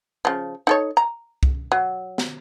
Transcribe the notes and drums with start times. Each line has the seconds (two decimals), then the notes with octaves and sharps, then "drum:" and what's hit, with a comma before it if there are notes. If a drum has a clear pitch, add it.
0.25 C#3 F3
0.67 D#4 A4 C#5
0.97 A#5
1.43 drum: kick C2
1.72 F#3
2.18 drum: snare